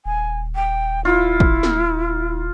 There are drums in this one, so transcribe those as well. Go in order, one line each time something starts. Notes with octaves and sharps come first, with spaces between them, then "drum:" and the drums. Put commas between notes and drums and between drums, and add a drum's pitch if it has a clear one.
D#1 G#5
G5
E4 F4
drum: kick G#1
drum: snare